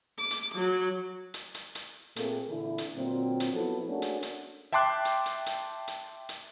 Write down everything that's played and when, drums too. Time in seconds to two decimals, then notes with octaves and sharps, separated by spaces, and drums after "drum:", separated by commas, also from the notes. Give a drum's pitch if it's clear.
0.18 D6
0.31 drum: hi-hat
0.55 F#3
1.34 drum: hi-hat
1.54 drum: hi-hat
1.75 drum: hi-hat
2.16 A#2 A3 A#3 C4 G#4 A4, drum: hi-hat
2.49 A#2 D3 E3 E4
2.78 drum: hi-hat
2.95 A#2 D3 F#3 C4
3.40 drum: hi-hat
3.52 F3 F#3 B3 E4 A4
3.87 A3 A#3 C#4 D4 F#4 G#4
4.02 drum: hi-hat
4.23 drum: hi-hat
4.73 E5 G5 A5 C6 D6 F#6
5.05 drum: hi-hat
5.26 drum: hi-hat
5.46 drum: hi-hat
5.88 drum: hi-hat
6.29 drum: hi-hat